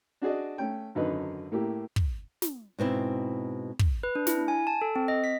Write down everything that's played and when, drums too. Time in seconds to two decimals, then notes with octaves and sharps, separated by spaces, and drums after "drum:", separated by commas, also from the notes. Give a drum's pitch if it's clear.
0.22 D4 F#4 G#4 D5 D#5
0.58 A3 C#4 G5
0.95 G#1 F#2 D3 D#4 B4
1.52 A2 A#3 E4 G4
1.96 drum: kick
2.42 drum: snare
2.79 G#2 B2 C4 E4
3.79 drum: kick
4.03 B4
4.15 D4
4.27 E4, drum: snare
4.48 G#5
4.67 A5
4.82 A4
4.96 C4
5.08 D#5
5.24 B6